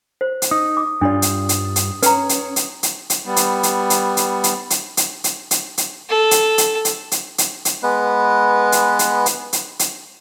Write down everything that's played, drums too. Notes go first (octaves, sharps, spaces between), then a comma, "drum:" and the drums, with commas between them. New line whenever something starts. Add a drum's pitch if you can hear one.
C5
drum: hi-hat
D#4 D#6
D6
G2 G3 D4 F4 D5
drum: hi-hat
drum: hi-hat
drum: hi-hat
C#4 B4 A#5, drum: hi-hat
drum: hi-hat
drum: hi-hat
drum: hi-hat
drum: hi-hat
G3 B3
drum: hi-hat
drum: hi-hat
drum: hi-hat
drum: hi-hat
drum: hi-hat
drum: hi-hat
drum: hi-hat
drum: hi-hat
drum: hi-hat
drum: hi-hat
A4
drum: hi-hat
drum: hi-hat
drum: hi-hat
drum: hi-hat
drum: hi-hat
drum: hi-hat
G#3 B3 B4
drum: hi-hat
drum: hi-hat
drum: hi-hat
drum: hi-hat
drum: hi-hat